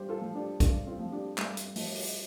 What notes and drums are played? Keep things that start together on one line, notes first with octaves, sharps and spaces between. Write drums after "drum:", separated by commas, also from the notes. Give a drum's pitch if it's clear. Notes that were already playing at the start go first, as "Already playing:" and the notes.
Already playing: G2 G4 C5
F4 A4
F3
D4 G4
G2 D4, drum: kick, hi-hat
C4 F4
F3
D4 G4
G2, drum: clap
drum: hi-hat
F3, drum: open hi-hat
drum: open hi-hat